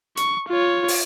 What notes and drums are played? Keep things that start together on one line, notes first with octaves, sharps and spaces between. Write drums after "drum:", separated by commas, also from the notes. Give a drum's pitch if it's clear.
C#6, drum: hi-hat
F4 C#5
drum: open hi-hat